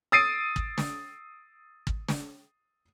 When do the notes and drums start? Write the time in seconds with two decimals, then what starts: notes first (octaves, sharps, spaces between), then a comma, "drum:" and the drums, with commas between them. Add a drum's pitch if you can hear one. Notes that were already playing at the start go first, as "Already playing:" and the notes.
0.12 D#6 E6 A6 C7 D7 D#7
0.56 drum: kick
0.78 drum: snare
1.87 drum: kick
2.09 drum: snare